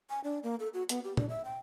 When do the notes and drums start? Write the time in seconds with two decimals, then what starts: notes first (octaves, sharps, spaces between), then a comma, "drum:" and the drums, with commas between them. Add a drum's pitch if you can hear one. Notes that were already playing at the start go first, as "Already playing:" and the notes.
0.10 G#5
0.24 D4
0.43 A#3
0.60 A4
0.74 F#4
0.89 B3, drum: hi-hat
1.04 G4
1.17 D4, drum: tom
1.29 E5
1.45 G5